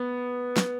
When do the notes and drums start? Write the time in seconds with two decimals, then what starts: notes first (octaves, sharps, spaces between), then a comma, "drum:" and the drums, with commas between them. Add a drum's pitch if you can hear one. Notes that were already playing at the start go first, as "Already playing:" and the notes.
Already playing: B3
0.57 drum: snare